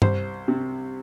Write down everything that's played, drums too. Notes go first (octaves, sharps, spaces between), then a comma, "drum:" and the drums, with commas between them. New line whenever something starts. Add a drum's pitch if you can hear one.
C2 C5, drum: tom G2
C3